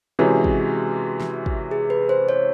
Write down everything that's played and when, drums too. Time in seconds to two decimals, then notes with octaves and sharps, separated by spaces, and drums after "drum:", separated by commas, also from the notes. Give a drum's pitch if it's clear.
0.19 C3 E3 G#3 C#4 F#4
0.44 drum: kick
1.21 drum: snare
1.46 drum: kick
1.71 G#4
1.90 B4
2.09 C5
2.29 C#5